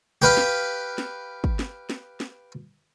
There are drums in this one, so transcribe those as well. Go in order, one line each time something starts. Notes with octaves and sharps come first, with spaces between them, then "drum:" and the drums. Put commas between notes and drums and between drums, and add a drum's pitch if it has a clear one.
G4 B4 F5
drum: snare
drum: snare
drum: kick
drum: snare
drum: snare
drum: snare